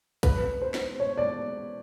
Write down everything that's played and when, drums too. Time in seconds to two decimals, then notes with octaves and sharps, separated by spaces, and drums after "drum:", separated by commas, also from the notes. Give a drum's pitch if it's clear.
0.23 B4, drum: kick, hi-hat
0.62 C5
0.74 drum: snare
1.00 C#5
1.18 D5